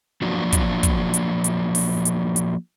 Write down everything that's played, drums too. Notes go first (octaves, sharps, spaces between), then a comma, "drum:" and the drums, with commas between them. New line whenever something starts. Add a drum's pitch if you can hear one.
F3 F#3 A#3 D4 F#4
drum: kick, hi-hat
drum: kick, hi-hat
drum: hi-hat
drum: hi-hat
drum: open hi-hat
drum: hi-hat
drum: hi-hat